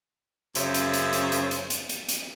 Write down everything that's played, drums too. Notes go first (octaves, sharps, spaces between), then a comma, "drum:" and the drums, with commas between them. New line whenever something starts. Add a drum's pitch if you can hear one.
F#2 C#3 C5 C#5 E5, drum: hi-hat
drum: hi-hat
drum: hi-hat
drum: hi-hat
drum: hi-hat
drum: hi-hat
drum: hi-hat
drum: hi-hat
drum: hi-hat